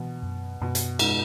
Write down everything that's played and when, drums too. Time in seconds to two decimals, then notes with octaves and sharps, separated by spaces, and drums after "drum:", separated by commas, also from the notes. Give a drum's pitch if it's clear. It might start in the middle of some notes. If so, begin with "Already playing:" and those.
Already playing: B2 E3
0.22 F#2
0.61 F#2 B2
0.75 drum: hi-hat
0.99 G#2 C#4, drum: cymbal